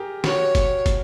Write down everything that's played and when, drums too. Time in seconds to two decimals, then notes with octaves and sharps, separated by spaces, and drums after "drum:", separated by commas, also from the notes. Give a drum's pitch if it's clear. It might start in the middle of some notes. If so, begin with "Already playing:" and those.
Already playing: G4 G#4 A#4
0.24 F#4 C#5, drum: snare
0.55 drum: kick, hi-hat
0.86 drum: kick, hi-hat